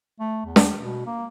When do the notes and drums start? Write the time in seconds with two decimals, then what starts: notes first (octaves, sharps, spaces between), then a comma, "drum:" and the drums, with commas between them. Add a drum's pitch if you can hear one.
0.20 A3
0.45 E2
0.56 drum: snare
0.78 B2
1.06 A#3